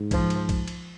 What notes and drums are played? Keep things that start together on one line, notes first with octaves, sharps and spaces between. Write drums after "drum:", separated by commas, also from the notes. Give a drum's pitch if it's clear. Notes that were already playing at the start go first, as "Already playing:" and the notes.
Already playing: G#2
F3, drum: kick, cymbal
drum: cymbal
drum: kick, cymbal
drum: cymbal